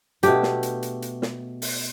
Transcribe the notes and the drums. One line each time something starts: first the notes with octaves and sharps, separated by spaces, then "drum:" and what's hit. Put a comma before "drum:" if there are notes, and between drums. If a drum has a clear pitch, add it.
B2 A3 D4 G4, drum: hi-hat
drum: snare
drum: hi-hat
drum: hi-hat
drum: hi-hat
drum: snare
drum: open hi-hat